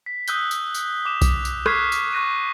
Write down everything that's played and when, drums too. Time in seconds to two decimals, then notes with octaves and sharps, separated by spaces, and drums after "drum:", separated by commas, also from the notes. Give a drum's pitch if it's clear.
0.06 B6
0.28 D#6 E6 F#6 G6 G7, drum: tambourine
0.51 drum: tambourine
0.75 drum: tambourine
1.05 D6 E7
1.22 drum: kick B1, tambourine
1.45 drum: tambourine
1.66 C#6 F6 F#6 G#6 B6 C7, drum: rim click
1.92 drum: tambourine
2.13 C#6 F#6 A#6 D#7